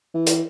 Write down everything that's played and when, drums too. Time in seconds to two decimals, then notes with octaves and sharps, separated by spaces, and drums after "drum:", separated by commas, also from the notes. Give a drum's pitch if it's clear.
0.14 E3
0.27 drum: hi-hat